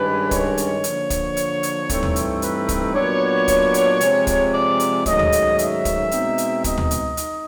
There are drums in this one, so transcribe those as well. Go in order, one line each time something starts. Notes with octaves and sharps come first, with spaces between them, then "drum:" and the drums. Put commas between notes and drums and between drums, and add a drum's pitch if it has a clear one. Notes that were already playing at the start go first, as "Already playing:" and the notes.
Already playing: G2 D#3 G#3 C#4 B4
C#5, drum: kick, hi-hat
drum: hi-hat
D3 F3 A#3, drum: hi-hat
drum: kick, hi-hat
drum: hi-hat
drum: hi-hat
G2 E3 A3 C4 D#4, drum: kick, hi-hat
drum: tom D2
drum: hi-hat
B4, drum: hi-hat
drum: kick, hi-hat
A#2 F#3 B3 D4 C#5
drum: kick, hi-hat
drum: hi-hat
C3 F3 G#3, drum: hi-hat
drum: kick, hi-hat
D5
drum: hi-hat
G#2 D#3 F#3 A3 C#4 D#5, drum: kick, hi-hat
drum: tom D2
drum: hi-hat
E5, drum: hi-hat
drum: kick, hi-hat
B2 G#3 C4 D#4, drum: hi-hat
drum: hi-hat
D#5, drum: kick, hi-hat
drum: tom D2
drum: hi-hat
D#4, drum: hi-hat